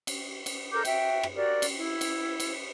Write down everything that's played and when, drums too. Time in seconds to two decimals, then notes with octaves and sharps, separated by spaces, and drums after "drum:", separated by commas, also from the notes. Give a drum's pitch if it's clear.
0.07 drum: cymbal
0.46 drum: cymbal
0.72 A4 A#4 D6 G6
0.85 F#4 E5 G5, drum: cymbal
1.23 drum: rim click
1.35 F#4 G4 A#4 D5
1.62 drum: cymbal
1.74 E4
2.01 drum: cymbal
2.40 drum: cymbal